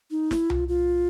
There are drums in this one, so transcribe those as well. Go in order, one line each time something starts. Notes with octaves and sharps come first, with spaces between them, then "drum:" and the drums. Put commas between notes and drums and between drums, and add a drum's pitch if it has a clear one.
D#4
E4, drum: snare
F4, drum: tom C2
F4